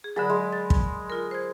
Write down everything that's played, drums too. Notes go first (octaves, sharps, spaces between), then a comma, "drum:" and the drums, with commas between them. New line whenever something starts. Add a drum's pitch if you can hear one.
G#4
D3 F#3 G#4 A#4 B5
G#3
A6
drum: kick
F4 A#4
C5 G#6